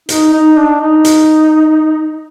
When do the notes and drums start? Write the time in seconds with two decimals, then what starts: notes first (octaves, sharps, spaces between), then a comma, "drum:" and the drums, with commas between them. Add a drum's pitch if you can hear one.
0.09 D#4, drum: hi-hat
0.33 D#4
0.57 D4
0.81 D#4
1.05 drum: hi-hat